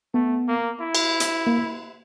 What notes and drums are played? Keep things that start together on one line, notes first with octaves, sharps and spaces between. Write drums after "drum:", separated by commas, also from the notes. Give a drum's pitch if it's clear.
A3 B3
A#3
E4
drum: cymbal
drum: hi-hat
A#3